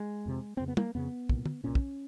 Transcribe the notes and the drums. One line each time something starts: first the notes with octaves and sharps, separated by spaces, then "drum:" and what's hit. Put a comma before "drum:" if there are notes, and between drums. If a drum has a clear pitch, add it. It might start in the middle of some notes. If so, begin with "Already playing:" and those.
Already playing: G#3
F2 C3
F2 C#3 C4
B3
A#3, drum: tom
F2 C#3 B3
C2 A#2, drum: kick
drum: tom
C2 A#2 C#4
drum: kick